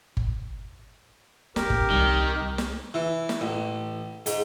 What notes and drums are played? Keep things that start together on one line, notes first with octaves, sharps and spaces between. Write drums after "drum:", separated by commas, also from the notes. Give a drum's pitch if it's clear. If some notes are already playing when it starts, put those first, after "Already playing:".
drum: kick G1
F3 C#4 G4 A#4, drum: snare
drum: kick G1
C2 D#3 G3
drum: snare
E3
drum: snare
A1
G#2, drum: hi-hat